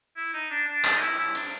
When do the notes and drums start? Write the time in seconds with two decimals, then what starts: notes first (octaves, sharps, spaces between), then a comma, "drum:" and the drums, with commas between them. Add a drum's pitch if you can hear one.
0.17 E4
0.33 D#4
0.50 D4
0.68 D4
0.85 D4, drum: clap
0.95 D#4
1.01 E4
1.18 E4
1.35 D4, drum: hi-hat